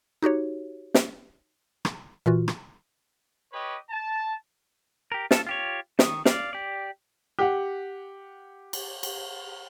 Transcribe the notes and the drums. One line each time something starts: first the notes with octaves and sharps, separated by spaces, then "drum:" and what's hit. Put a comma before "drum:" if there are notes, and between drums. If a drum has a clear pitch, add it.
D#4 F#4 G4 C#5
drum: snare
drum: rim click
A#2 E3 F4 F#4
drum: rim click
G4 B4 C#5 D#5
A5
G4 A#4
F4 A4, drum: snare
F4 G4 C#5
D#3 C#6 D#6, drum: snare
D5 F5, drum: snare
G4 D5
G4 F#5
drum: cymbal
drum: cymbal